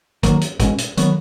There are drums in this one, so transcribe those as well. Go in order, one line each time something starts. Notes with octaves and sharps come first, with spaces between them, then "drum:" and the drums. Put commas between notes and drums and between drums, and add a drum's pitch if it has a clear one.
D#3 F#3 A#3, drum: kick, hi-hat
drum: hi-hat
B2 G#3 C#4, drum: kick, hi-hat
drum: hi-hat
D#3 F#3 B3, drum: hi-hat